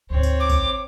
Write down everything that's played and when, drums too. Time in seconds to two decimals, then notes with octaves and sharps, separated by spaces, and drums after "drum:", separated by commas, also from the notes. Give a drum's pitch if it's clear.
0.10 D2 G#2 C4 C#5
0.23 drum: tambourine
0.40 D6
0.50 drum: kick, tambourine